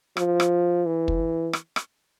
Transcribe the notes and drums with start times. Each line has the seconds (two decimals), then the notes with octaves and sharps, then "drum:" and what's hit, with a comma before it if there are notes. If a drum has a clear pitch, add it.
0.17 F3, drum: rim click
0.40 drum: rim click
0.86 E3
1.08 drum: kick
1.53 drum: rim click
1.76 drum: rim click